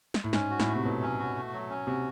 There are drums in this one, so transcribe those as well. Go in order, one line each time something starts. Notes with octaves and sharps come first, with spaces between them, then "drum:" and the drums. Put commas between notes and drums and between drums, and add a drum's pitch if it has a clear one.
drum: snare
A2
G#2 C#4, drum: snare
F#4
A2, drum: snare
A3
C3
B2 F#3
C#4
F#4
A3
F#3
C#4
C3 F#4